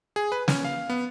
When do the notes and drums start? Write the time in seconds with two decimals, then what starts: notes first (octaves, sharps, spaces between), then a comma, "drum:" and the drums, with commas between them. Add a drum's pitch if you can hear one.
0.16 G#4
0.32 B4
0.48 C#4, drum: snare
0.64 F5
0.90 B3